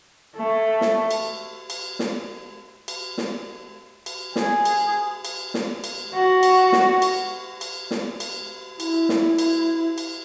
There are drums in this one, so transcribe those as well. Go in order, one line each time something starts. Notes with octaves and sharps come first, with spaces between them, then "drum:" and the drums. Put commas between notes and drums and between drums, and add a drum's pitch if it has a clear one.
A3
drum: snare
drum: cymbal
drum: cymbal
drum: snare
drum: cymbal
drum: snare
drum: cymbal
G#4, drum: snare
drum: cymbal
drum: cymbal
drum: snare
drum: cymbal
F#4
drum: cymbal
drum: snare
drum: cymbal
drum: cymbal
drum: snare
drum: cymbal
E4, drum: cymbal
drum: snare
drum: cymbal
drum: cymbal